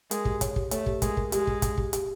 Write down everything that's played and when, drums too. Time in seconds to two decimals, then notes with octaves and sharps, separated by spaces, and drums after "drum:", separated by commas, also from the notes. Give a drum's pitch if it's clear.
0.11 G#3 A#4, drum: hi-hat
0.25 G4, drum: kick
0.41 C#5, drum: kick, hi-hat
0.56 G4, drum: kick
0.71 A3 C#5, drum: hi-hat
0.86 G4, drum: kick
1.02 G#3 A#4, drum: kick, hi-hat
1.17 A#4, drum: kick
1.32 G#3 G4, drum: hi-hat
1.47 G4, drum: kick
1.62 G4, drum: kick, hi-hat
1.77 G4, drum: kick
1.93 G4, drum: hi-hat